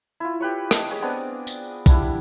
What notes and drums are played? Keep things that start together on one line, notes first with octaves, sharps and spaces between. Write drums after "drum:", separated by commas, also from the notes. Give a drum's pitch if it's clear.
E4 F4
G4 B4 C#5
D#5 A5, drum: rim click
G#4 C#5
B3 C4 D4 D5
drum: tambourine
G3 D4 E4, drum: kick A#1, tambourine